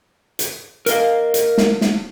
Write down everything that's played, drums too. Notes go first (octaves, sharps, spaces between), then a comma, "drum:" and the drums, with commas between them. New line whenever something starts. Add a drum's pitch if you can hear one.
drum: hi-hat
A#4 D#5 F5, drum: hi-hat
drum: hi-hat
drum: snare
drum: snare